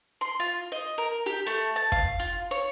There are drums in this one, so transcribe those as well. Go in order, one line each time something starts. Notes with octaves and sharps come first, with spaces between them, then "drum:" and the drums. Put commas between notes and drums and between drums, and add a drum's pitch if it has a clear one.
C6
F4
D#5
A#4
G4
A3
A5
F5, drum: kick
F4
C#5